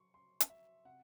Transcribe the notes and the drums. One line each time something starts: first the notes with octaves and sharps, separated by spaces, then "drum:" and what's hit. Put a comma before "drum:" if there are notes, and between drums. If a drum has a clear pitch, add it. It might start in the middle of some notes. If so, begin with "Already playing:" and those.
Already playing: F#3 C6 C#6
C6
drum: hi-hat
E5
C3 F#5